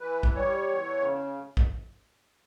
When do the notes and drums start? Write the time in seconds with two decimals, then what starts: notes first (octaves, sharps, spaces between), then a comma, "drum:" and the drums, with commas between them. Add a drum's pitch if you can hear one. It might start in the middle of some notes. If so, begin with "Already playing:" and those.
0.01 E3 B4
0.23 drum: kick
0.35 G3 C#5
0.68 E2
1.01 C#3
1.57 drum: kick